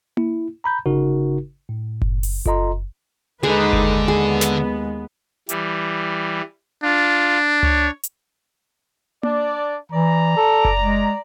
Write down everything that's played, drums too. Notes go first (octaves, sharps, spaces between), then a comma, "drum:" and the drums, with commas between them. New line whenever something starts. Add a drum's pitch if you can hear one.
E4, drum: tom A#3
A#5 B5 G6
G1 C#3 D#4 F#4 A#4
A2
drum: kick F#1
drum: open hi-hat
F4 A4 D#5 A#5 C6, drum: kick F#1
D#2 D3 G#3 D#4 G#4 A4 B4
drum: kick F#1
B3 G#4
drum: snare
E3 G3, drum: hi-hat
D4 F4
C#5, drum: tom C#2
drum: hi-hat
D4 D5, drum: tom A#3
E3 D5 A#5
A4
drum: kick F#1
G#3